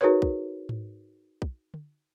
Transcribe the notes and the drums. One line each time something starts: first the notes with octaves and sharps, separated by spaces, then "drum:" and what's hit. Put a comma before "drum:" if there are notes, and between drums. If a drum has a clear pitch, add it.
D#4 F#4 G#4 A#4 B4 C#5
drum: kick
drum: tom G#2
drum: kick
drum: tom